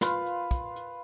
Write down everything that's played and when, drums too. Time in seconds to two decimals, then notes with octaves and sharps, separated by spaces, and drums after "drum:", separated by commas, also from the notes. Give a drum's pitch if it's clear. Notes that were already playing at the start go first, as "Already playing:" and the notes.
0.01 F4 B4 F5, drum: snare
0.26 drum: hi-hat
0.51 drum: kick, hi-hat
0.76 drum: hi-hat